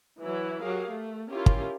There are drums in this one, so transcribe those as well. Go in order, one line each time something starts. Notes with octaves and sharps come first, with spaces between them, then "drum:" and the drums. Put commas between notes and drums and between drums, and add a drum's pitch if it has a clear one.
E3 F#3 E4
F#3 G4 G#4 A#4 F5
A3
C#4 E4 F4 G4 A#4
drum: kick